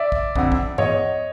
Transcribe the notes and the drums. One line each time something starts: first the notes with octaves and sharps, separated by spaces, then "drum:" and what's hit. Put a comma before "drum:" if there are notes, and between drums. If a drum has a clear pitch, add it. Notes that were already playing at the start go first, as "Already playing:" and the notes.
Already playing: D5 E5
drum: kick
F2 D3, drum: kick
drum: kick
E2 C#5 D#5, drum: tom G2